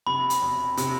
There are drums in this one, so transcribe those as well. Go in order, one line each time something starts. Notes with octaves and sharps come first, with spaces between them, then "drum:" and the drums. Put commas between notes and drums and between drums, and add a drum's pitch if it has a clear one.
C3 B5
drum: hi-hat
E1
C3, drum: hi-hat